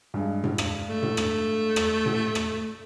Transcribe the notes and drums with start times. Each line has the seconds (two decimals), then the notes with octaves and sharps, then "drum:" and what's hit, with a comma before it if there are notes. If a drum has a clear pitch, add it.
0.14 G2 G#3
0.44 drum: tom A2
0.58 drum: rim click
0.88 A3
1.03 drum: tom A2
1.17 drum: rim click
1.76 drum: rim click
2.06 drum: tom A2
2.35 drum: rim click